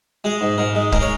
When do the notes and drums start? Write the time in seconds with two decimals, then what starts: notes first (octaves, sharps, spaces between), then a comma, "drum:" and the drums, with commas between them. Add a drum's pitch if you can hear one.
0.24 G#3 G#4
0.41 G#2
0.58 G#2 A#4
0.75 G#3
0.92 G#3 A#4, drum: kick C#1
1.01 C#5